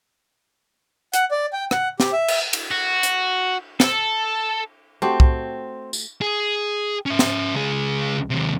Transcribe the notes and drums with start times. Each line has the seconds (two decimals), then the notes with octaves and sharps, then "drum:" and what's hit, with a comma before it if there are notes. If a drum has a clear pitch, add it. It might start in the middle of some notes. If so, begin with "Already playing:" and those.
1.14 F#5, drum: hi-hat
1.31 D5
1.53 G5
1.71 F#5, drum: rim click
2.00 G4, drum: snare
2.13 E5
2.28 drum: cymbal
2.53 drum: cymbal
2.71 F#4
3.03 drum: hi-hat
3.80 A4, drum: snare
5.02 A3 C4 F#4 G4
5.20 drum: kick
5.93 drum: tambourine
6.21 G#4
7.06 C#4 E5
7.19 drum: snare
7.55 C#2 G#4
8.30 D#2 C3